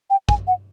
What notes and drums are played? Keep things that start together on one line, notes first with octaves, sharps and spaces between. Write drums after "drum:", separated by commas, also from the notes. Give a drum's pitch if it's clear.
G5
G#5, drum: kick
F#5